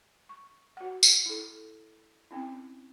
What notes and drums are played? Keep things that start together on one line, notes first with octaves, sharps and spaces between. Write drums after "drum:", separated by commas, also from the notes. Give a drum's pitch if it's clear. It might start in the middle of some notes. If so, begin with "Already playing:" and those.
C#6
F#4 F#5
drum: tambourine
E4 A4
C4 C#4 E4